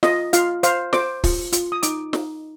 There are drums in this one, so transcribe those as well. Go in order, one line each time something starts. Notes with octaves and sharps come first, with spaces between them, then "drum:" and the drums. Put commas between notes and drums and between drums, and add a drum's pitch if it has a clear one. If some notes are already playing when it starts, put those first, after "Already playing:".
F4 D#5, drum: snare
F4 F5, drum: hi-hat
C5 F5, drum: hi-hat
C5 D6, drum: snare
F4, drum: kick, open hi-hat
F4, drum: hi-hat
D#6
D#4 D6, drum: hi-hat
D#4, drum: snare